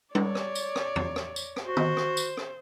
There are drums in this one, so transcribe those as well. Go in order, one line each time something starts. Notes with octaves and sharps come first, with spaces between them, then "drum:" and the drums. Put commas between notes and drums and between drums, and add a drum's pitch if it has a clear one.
C#5 D5, drum: tom G3
drum: rim click
drum: tambourine
drum: rim click
drum: tom E2
drum: rim click
drum: tambourine
drum: rim click
F#4 C5
drum: tom D#3
drum: rim click
drum: tambourine
drum: rim click